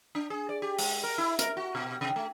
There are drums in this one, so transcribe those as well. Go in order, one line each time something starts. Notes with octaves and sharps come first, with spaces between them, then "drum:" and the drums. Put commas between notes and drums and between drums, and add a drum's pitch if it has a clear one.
D4
G#4
D5
G4
G#3, drum: open hi-hat
A#4
E4
A#4, drum: hi-hat
F#4
B2
C3
A3